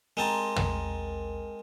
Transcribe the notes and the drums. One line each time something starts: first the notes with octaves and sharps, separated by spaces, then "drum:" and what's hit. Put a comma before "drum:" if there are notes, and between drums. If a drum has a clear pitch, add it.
G#3 C4 A#4 A5 A#5 C6
drum: tom